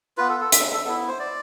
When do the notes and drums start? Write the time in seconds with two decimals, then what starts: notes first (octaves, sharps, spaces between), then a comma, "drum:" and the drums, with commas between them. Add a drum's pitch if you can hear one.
0.17 B3 F4 B4
0.29 A4
0.40 A4
0.52 E5, drum: hi-hat
0.74 A4
0.85 B3 E4 A4
1.08 C5
1.20 D5